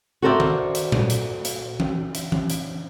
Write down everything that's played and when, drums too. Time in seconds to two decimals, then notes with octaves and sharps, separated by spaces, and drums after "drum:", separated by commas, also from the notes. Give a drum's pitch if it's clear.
0.22 F#4 A4 A#4 C5 D5 E5
0.40 drum: tom D#3
0.75 drum: hi-hat
0.92 drum: tom A#2
1.10 drum: hi-hat
1.45 drum: hi-hat
1.80 drum: tom E3
2.15 drum: hi-hat
2.32 drum: tom E3
2.50 drum: hi-hat